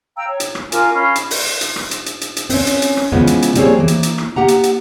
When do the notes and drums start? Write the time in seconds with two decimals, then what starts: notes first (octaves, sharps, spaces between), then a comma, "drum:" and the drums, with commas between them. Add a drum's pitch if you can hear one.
0.16 F5 G5 A#5 E6
0.28 C#5
0.40 drum: hi-hat
0.55 drum: rim click
0.72 F4 A#4 G#5 D6, drum: hi-hat
0.94 C#4 D#5 F5 B5
1.15 drum: hi-hat
1.31 drum: open hi-hat
1.61 drum: hi-hat
1.76 drum: rim click
1.91 drum: hi-hat
2.06 drum: hi-hat
2.21 drum: hi-hat
2.37 drum: hi-hat
2.50 C4 C#4, drum: open hi-hat
2.67 drum: hi-hat
2.82 drum: hi-hat
2.97 drum: rim click
3.12 C#3 E3 F3 G#3 B3
3.27 drum: hi-hat
3.42 drum: hi-hat
3.55 F3 G3 A#3 C4 G#4 C#5, drum: hi-hat
3.79 E3 A#3
3.88 drum: hi-hat
4.03 drum: hi-hat
4.18 drum: rim click
4.36 A#3 G4 F#5 A#5
4.48 drum: hi-hat
4.63 drum: hi-hat